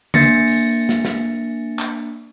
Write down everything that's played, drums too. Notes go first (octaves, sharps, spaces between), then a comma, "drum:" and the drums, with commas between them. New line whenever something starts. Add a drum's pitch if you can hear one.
A#3 D4 A6 A#6 C#7, drum: tom C#3
drum: open hi-hat
drum: snare
drum: snare
drum: clap